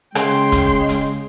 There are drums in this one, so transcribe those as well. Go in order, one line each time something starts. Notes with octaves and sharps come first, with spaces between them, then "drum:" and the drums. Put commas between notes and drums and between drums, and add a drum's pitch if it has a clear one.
C#3 G#3 G5 C6, drum: rim click
drum: kick, hi-hat
drum: hi-hat